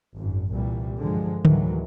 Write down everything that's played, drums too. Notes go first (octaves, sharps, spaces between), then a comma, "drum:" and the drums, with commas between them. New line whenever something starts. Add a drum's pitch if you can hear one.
G#1 F#2
C2 A#2 E3 G3
G2 D3 F3 G#3
D2 A2 D#3 E3 F#3 G#3, drum: tom D3